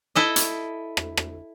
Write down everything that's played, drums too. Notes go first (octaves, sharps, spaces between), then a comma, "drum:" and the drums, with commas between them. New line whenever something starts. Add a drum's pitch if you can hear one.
E4 A4 D#5
drum: hi-hat
drum: rim click
drum: rim click